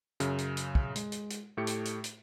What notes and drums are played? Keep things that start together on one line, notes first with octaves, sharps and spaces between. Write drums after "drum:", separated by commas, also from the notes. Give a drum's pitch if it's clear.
F#2 C#3, drum: hi-hat
drum: hi-hat
drum: hi-hat
drum: kick
G#3, drum: hi-hat
drum: hi-hat
drum: hi-hat
A2 A3 G4 C#7
drum: hi-hat
drum: hi-hat
drum: hi-hat